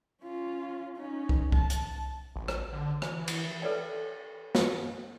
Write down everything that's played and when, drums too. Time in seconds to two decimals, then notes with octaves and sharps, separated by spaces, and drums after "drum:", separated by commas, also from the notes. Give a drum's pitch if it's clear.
0.22 C#4 F4
0.96 C#4 D#4
1.29 drum: kick C2
1.52 A5, drum: kick C2
1.70 drum: hi-hat
2.36 A1
2.48 drum: rim click
2.73 D3
3.02 E3, drum: rim click
3.28 E3, drum: cymbal
3.62 A4 B4 C#5 D5 G5
4.55 drum: snare